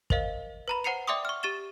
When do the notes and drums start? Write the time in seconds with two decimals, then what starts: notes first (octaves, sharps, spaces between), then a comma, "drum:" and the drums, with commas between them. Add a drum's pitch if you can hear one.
0.10 A#4 C5 D#5 F5, drum: kick
0.68 B4 A#5 B5
0.84 C5 F#5 A#5 C7 C#7 F7
1.08 D5 E5 G5 C6 D6 D#6
1.25 C#6 F6
1.43 G4 C#6 A6 E7 G7